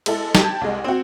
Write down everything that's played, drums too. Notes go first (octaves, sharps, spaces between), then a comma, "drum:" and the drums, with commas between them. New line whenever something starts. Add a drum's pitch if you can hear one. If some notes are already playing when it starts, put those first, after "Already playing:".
G#3 E4 A4, drum: cymbal
G4 A5 G#6, drum: snare
C2 G#3
C4 F#4